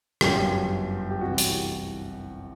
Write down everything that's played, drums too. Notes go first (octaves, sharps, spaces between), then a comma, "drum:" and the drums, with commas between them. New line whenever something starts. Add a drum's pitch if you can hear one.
G1 F#2 F#3 G4, drum: rim click
G4
C2 C3 E3 F#4
G4, drum: hi-hat